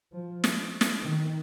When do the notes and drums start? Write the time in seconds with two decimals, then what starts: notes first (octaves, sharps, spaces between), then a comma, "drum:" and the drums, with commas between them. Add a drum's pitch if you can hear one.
0.12 F3
0.44 drum: snare
0.81 drum: snare
1.03 D#3